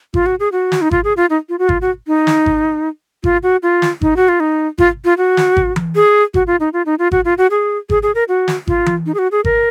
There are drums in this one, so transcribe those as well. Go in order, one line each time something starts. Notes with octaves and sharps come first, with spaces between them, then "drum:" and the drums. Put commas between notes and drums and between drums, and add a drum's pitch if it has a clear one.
F4, drum: kick G#1
F#4
G#4
F#4
drum: snare
D#4
F4, drum: kick G#1
G#4
F4
D#4
F4
F#4
F4, drum: kick G#1
F#4
D#4
drum: snare
drum: kick G#1
F4, drum: kick G#1
F#4
F4
drum: snare
D#4, drum: kick G#1
F#4
F4
D#4
F4, drum: kick G#1
F4
F#4
drum: snare
drum: kick G#1
drum: tom E3
G#4
F#4, drum: kick G#1
F4
D#4
F4
D#4
F4
F#4, drum: kick G#1
F4
F#4
G#4
G#4, drum: kick G#1
G#4
A#4
F#4
drum: snare
F4, drum: kick G#1
drum: tom E3
D#4
G#4
F#4
G#4
A#4, drum: kick G#1